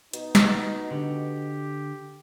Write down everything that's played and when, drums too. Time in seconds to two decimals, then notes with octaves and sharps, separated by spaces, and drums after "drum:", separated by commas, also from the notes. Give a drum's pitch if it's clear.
0.13 B2 D#4, drum: hi-hat
0.35 drum: snare
0.91 D3 G4